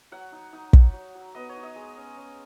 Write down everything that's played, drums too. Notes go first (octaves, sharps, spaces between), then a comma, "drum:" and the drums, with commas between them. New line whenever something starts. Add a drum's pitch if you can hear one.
F#3 F#5
D#4
D#4
F#3, drum: kick
F#3
F#3
B3 D#5
C#5
D#4
D#5
G#3
C#4
C#4